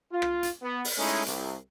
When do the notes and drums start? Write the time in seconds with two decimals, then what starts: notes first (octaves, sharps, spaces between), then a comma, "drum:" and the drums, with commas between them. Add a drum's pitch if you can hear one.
0.12 F4
0.22 drum: rim click
0.43 drum: hi-hat
0.63 B3
0.85 drum: open hi-hat
0.98 G#3 A3 C#4 D#4 E4
1.26 C2, drum: hi-hat